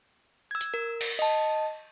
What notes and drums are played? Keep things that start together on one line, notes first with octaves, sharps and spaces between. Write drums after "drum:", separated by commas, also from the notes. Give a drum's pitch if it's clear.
E6 G#6
drum: hi-hat
A#4
drum: cymbal
D#5 A5